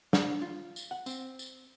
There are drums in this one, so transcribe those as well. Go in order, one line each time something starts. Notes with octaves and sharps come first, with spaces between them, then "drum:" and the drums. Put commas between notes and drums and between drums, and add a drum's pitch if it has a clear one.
D4, drum: snare
F4
drum: tambourine
F#5
C4, drum: tambourine
drum: tambourine